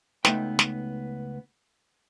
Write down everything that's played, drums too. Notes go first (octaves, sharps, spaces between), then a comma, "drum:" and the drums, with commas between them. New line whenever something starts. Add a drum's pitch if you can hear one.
C#2 A3 B3 D#4 B4 G5, drum: snare
drum: snare